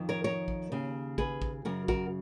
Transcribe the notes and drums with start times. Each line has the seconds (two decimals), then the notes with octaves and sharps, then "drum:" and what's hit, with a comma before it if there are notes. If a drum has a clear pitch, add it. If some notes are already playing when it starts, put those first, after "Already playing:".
Already playing: F2 D#3
0.09 A#4 C#5
0.24 A#4 C#5
0.48 drum: kick
0.72 D#2 C#3
1.18 G#4 B4, drum: kick
1.42 drum: kick
1.65 F#2 C#3 F#4 A#4
1.88 F#4 A#4, drum: kick